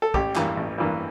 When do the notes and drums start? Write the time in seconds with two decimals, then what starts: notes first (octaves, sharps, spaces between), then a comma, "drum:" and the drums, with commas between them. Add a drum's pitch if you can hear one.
0.02 A4
0.14 A1 G4, drum: kick
0.35 G2 E3 A#3, drum: clap
0.57 A1
0.78 G2 E3 A#3